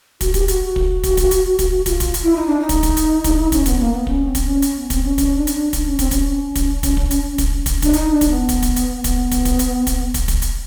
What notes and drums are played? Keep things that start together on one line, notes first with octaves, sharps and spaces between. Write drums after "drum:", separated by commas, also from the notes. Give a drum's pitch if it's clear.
F#4, drum: kick, hi-hat
G4, drum: kick, hi-hat
F#4, drum: hi-hat
drum: kick
drum: kick, hi-hat
drum: kick, hi-hat
drum: hi-hat
drum: kick, hi-hat
F4, drum: kick, hi-hat
drum: kick, hi-hat
drum: hi-hat
E4
D#4
D4
D#4
drum: kick, hi-hat
drum: kick, hi-hat
drum: hi-hat
drum: kick, hi-hat
C#4, drum: kick, hi-hat
B3, drum: kick, hi-hat
A#3
B3
C#4, drum: kick
C4
drum: kick, hi-hat
C#4
drum: hi-hat
B3
C4, drum: kick, hi-hat
C#4
C#4, drum: kick, hi-hat
D4
C#4, drum: hi-hat
D4
D4, drum: kick, hi-hat
C#4
C4, drum: kick, hi-hat
C#4, drum: kick, hi-hat
drum: kick, hi-hat
drum: kick, hi-hat
drum: kick
drum: hi-hat
drum: kick, hi-hat
drum: kick, hi-hat
D4, drum: kick, hi-hat
D#4, drum: hi-hat
D4
drum: kick, hi-hat
B3
drum: kick, hi-hat
drum: kick, hi-hat
drum: hi-hat
B3, drum: kick, hi-hat
drum: kick, hi-hat
drum: kick, hi-hat
drum: hi-hat
drum: kick, hi-hat
drum: kick, hi-hat
drum: kick, hi-hat
drum: hi-hat